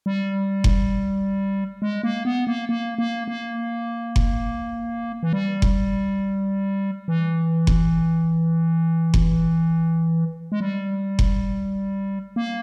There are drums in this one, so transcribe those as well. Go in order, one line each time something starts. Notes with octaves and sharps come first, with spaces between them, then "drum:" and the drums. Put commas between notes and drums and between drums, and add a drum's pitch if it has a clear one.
G3
drum: kick F#1
G#3
A#3
B3
A#3
A#3
A#3
A#3
drum: kick F#1
E3
G3
drum: kick F#1
E3
drum: kick F#1
drum: kick F#1
G#3
G3
drum: kick F#1
A#3